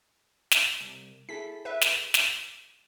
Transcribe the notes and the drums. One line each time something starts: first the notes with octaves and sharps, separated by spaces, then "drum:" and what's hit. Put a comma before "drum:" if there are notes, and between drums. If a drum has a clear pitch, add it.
drum: snare
C2
E4 G#4 A4 B6
B4 E5
drum: snare
drum: snare